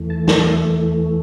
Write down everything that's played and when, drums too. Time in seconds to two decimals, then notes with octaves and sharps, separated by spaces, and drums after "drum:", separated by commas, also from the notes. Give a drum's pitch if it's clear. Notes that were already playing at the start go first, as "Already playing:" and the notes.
Already playing: E2 E3 A3
0.10 A5
0.28 A5, drum: snare
0.50 E5